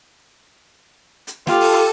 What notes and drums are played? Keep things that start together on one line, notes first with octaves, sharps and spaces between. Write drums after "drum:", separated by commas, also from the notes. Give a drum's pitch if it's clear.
drum: hi-hat
F4 G4 A4, drum: snare
drum: open hi-hat